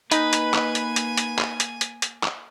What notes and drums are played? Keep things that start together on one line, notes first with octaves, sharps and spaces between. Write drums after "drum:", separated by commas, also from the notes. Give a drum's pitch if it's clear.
A#3 D#4 B4 G#5, drum: hi-hat
drum: hi-hat
drum: clap
drum: hi-hat
drum: hi-hat
drum: hi-hat
drum: clap
drum: hi-hat
drum: hi-hat
drum: hi-hat
drum: clap